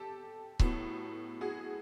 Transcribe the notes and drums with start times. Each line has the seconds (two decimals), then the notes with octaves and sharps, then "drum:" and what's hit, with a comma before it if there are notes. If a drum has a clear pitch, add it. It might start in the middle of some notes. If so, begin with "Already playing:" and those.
Already playing: G4 A4
0.59 A2 F#3 B3, drum: kick C#1
1.41 F#4 G#4